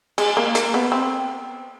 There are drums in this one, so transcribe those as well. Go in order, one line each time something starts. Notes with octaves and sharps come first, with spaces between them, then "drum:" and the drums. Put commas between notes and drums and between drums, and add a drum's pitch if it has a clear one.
G#3, drum: cymbal
A#3
A#3, drum: hi-hat
B3
C4